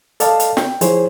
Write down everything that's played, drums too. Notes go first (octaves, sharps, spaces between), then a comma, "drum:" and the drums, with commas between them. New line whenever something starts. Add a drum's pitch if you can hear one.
A4 D5 D#5 F5 A5, drum: hi-hat
drum: hi-hat
G5, drum: snare
F3 E4 G#4 C5 C#5, drum: hi-hat